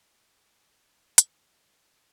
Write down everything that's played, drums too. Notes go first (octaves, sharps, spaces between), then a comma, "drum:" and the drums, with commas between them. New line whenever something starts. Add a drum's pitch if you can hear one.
G#4 A4
G#2 D#4
D3 D4
F#3, drum: hi-hat
F#3
A2 G5